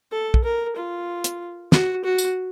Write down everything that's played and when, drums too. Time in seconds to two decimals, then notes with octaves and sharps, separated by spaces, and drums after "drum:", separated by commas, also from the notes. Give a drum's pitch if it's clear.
0.12 A4
0.34 drum: kick
0.44 A#4
0.76 F4
1.24 drum: hi-hat
1.72 F#4, drum: snare
2.04 F#4
2.18 drum: tambourine